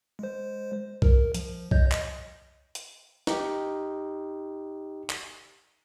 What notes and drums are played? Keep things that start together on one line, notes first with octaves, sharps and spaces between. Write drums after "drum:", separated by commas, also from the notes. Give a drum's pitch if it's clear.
G#3 C5
A#4, drum: kick B1
F3, drum: hi-hat
C#5 D#5 G6, drum: kick B1
D#5, drum: clap
drum: hi-hat
D#4 G4, drum: snare
drum: clap